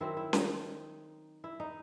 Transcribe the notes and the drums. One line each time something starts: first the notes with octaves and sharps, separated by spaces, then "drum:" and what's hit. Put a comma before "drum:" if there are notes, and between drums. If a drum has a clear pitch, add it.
D#3 F#3 C4 E4
E4
D#4, drum: snare C#4
E4
D#4